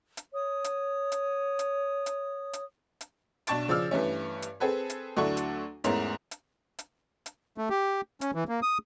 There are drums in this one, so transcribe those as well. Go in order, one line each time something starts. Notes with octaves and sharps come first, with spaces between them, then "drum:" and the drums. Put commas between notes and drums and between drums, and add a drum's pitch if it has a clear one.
drum: hi-hat
C#5 D#6
drum: hi-hat
drum: hi-hat
drum: hi-hat
drum: hi-hat
drum: hi-hat
drum: hi-hat
B1 D4 A5 C#6 A6 D7, drum: hi-hat
C#3 F3 D5 E6 F6
G2 E3 A3 C#4
drum: hi-hat
C4 G#4 A4 B4
drum: hi-hat
D2 F#3 D4 E4 A4 C#6
drum: hi-hat
E2 G#2 A3 C#4 E4 A#4, drum: hi-hat
drum: hi-hat
drum: hi-hat
drum: hi-hat
A3
G4
C#4, drum: hi-hat
E3
A#3
D#6